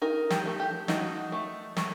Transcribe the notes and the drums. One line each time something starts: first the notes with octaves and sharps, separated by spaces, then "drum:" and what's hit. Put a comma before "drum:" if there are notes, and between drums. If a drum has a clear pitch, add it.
D#4 A#4
G4, drum: snare
A3
G4
D#4 F#4, drum: snare
A3
A3, drum: snare